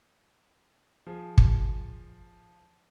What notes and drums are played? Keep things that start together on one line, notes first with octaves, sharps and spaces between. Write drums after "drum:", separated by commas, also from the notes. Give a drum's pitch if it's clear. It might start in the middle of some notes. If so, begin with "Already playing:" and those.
F3 G#4
drum: kick